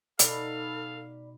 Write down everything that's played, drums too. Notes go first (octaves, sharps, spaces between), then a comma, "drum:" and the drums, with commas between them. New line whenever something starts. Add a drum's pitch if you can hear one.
B2 D#4 A4 D5 F5 B5, drum: hi-hat